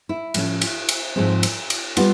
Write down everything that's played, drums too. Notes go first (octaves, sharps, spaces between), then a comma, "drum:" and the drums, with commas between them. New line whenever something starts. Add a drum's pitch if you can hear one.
E4
A2 F3 A3 C#4, drum: cymbal
drum: cymbal
drum: cymbal
G#2 F3 G#3 C4
drum: cymbal
drum: cymbal
G3 B3 F4, drum: cymbal